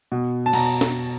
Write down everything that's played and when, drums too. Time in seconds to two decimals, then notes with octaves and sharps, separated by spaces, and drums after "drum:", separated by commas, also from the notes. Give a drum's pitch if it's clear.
0.12 B2
0.46 A5
0.53 B2 A#5, drum: cymbal
0.81 drum: snare